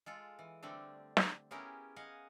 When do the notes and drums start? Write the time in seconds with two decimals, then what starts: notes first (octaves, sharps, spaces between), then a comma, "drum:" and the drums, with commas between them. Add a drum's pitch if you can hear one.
0.06 G#3 F4 A4
0.39 E3
0.63 D3 G3 A3 C4 D4
1.17 drum: snare
1.51 B3 C#4 E4 G4 G#4 A#4
1.96 D#5 F5 F#5 G#5